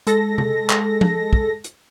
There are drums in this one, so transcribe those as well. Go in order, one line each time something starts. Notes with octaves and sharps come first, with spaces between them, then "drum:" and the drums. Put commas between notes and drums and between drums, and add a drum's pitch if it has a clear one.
G#3 A4 A#6, drum: hi-hat
drum: tom C3
drum: clap
drum: tom F3
drum: kick
drum: hi-hat